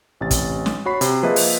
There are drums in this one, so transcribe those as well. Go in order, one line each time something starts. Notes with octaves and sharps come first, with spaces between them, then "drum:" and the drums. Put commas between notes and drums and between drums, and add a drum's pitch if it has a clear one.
A1 C3 A6
drum: kick, hi-hat
drum: snare
F#4 C#5 B5 C7
C3, drum: hi-hat
F3 A#3 G#4 B4 D#5 E5
drum: open hi-hat